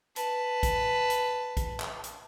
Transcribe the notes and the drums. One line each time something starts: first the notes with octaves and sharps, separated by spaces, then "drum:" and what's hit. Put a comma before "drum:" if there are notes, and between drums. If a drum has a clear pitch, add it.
B4 A5, drum: hi-hat
drum: kick, hi-hat
drum: hi-hat
drum: kick, hi-hat
drum: clap
drum: hi-hat